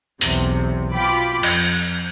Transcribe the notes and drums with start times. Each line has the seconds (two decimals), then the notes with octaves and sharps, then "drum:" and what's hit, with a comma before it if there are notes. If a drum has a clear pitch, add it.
0.21 B1 E2 C3, drum: open hi-hat
0.94 B2 F4 G5 B5 D6
1.43 F2, drum: cymbal